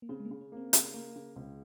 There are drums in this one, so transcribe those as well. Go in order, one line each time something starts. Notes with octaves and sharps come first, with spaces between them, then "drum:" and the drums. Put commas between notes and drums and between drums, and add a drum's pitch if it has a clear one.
A#3
C#3 C4
G#3
A#3
C#3
C#4
A#3 C4
C#3, drum: hi-hat
A#3
C#3
C#2 C4